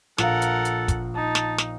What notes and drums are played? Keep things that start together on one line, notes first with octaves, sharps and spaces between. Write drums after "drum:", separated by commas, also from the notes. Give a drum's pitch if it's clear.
A#1 A4 A#4 F5 F#5, drum: snare
drum: hi-hat
drum: hi-hat
drum: kick, hi-hat
D#4 A5
drum: snare
drum: snare